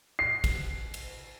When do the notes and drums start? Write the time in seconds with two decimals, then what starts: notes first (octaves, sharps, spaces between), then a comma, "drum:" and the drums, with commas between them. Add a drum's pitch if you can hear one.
0.19 C7
0.44 drum: kick, cymbal
0.94 drum: cymbal